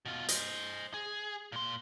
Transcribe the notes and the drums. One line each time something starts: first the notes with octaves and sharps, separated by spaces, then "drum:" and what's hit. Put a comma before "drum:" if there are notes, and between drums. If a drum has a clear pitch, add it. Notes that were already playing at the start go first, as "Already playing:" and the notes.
B2 F4
C5 D#5, drum: hi-hat
G#4
A#2 C6